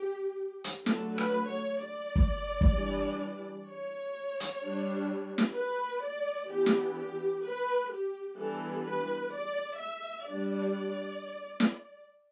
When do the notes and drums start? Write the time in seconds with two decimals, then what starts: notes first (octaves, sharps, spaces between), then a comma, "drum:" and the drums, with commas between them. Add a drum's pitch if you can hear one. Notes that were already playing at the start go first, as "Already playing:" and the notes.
Already playing: G4
0.64 drum: hi-hat
0.86 D3 F#3 A3 A4, drum: snare
1.18 B4, drum: rim click
1.49 C#5
1.81 D5
2.16 drum: kick
2.61 drum: kick
2.74 E3 G3 D4
3.69 C#5
4.40 drum: hi-hat
4.63 G3 D4
5.38 drum: snare
5.56 B4
6.03 D5
6.50 E3 B3 D4 G4
6.66 drum: snare
6.97 G4
7.45 B4
7.92 G4
8.38 E3 G3 B3 D4 A4
8.85 B4
9.33 D5
9.79 E5
10.26 G3 D4 D5
11.60 drum: snare